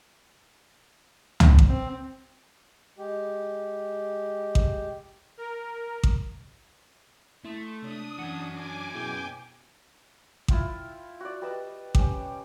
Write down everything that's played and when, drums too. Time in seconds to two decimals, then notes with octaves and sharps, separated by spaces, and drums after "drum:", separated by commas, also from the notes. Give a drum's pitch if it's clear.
1.40 drum: tom
1.59 drum: kick A1
1.69 C4
2.98 G#3 G4
4.55 drum: kick A1
5.37 A#4
6.03 drum: kick A1
7.45 A3 E4 C6 D#6
7.82 C3 D4 C#5 D#6
8.19 E3 C#4 F#4
8.51 G#5 D6
8.94 B2 E4 G#4 G5
10.48 E4 F4 G5, drum: kick A1
11.20 F#4 D5
11.42 G4 B4 D#5 A5
11.95 C#4 G4, drum: kick A1